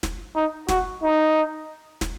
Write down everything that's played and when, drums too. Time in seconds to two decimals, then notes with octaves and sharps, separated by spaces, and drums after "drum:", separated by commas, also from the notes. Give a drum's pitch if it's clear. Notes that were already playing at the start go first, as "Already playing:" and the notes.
0.03 drum: snare
0.35 D#4
0.69 F#4, drum: snare
1.02 D#4
2.01 drum: snare